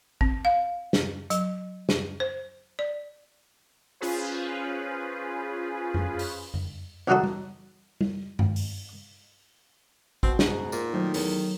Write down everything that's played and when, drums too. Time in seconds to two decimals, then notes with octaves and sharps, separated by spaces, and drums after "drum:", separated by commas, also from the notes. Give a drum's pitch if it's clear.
0.21 C4, drum: kick
0.45 F5
0.93 drum: snare
1.30 F#3, drum: hi-hat
1.89 drum: snare
2.20 C5
2.79 D5
4.01 C#4 F4 G#4 B4 C5
5.94 drum: tom F2
6.19 drum: open hi-hat
6.54 drum: tom F2
7.08 E2 C#3 F#3 D#4 F#4 A4
7.24 drum: tom G3
8.01 drum: tom G3
8.39 drum: tom G2
8.56 drum: open hi-hat
10.23 B2 C4, drum: kick
10.39 G#2 B2 D#4 F#5 A#5, drum: snare
10.72 A#2 C#6, drum: tambourine
10.93 D#3 F#3 A3 C5
11.14 E2 C#5, drum: open hi-hat